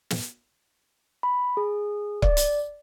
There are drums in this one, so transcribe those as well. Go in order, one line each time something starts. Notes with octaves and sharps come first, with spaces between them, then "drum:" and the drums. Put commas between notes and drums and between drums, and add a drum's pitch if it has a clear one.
drum: snare
B5
G#4
D5, drum: kick C#1
drum: hi-hat